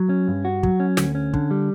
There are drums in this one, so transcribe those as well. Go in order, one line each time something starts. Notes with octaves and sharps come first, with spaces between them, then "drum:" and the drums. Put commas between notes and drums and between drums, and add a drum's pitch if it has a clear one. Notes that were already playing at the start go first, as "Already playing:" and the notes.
Already playing: F#3
C#4
G2
F#4
F#3, drum: kick
C#4
D2, drum: snare
C#4
D3, drum: kick
G3